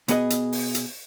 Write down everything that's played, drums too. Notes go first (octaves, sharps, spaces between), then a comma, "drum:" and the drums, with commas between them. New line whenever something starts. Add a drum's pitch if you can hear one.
B2 B3 G#4 D#5, drum: hi-hat
drum: hi-hat
drum: open hi-hat
drum: hi-hat